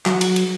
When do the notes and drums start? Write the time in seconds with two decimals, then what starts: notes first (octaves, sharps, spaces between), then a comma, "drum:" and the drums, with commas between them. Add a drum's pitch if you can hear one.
0.06 F#3, drum: clap
0.21 drum: cymbal
0.36 drum: cymbal